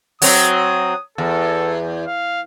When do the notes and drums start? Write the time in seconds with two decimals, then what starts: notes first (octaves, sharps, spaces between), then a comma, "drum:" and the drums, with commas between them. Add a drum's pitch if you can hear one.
0.22 F#3 C4 D#6, drum: open hi-hat
1.18 E2 A4
2.07 F5